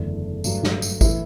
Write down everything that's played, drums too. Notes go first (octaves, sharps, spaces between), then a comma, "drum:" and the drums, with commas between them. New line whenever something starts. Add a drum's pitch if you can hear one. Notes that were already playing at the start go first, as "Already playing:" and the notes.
Already playing: F#1 E2 D3 A3
G2 F#3 A3, drum: tambourine
drum: snare
drum: tambourine
E3 A3 E4, drum: kick G#1, tambourine